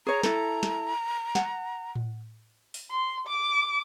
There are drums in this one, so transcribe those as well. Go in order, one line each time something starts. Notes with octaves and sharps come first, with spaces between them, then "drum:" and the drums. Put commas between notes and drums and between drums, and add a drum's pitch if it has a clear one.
G#4 C#5 A#5
E4 A4, drum: snare
drum: snare
F#5, drum: snare
drum: tom A2
drum: open hi-hat
C6
D6